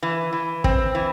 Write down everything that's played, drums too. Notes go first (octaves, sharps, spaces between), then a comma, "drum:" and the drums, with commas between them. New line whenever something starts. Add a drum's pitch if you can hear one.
E3
E3
C4, drum: kick
E3